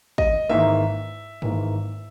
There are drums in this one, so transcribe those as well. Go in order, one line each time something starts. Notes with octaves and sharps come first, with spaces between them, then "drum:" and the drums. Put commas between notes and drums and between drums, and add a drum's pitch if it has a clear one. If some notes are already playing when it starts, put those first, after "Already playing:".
D#5, drum: kick
G#1 G#2 E3 A#3 E5
G#1 G#2 E3 A#3, drum: tom G2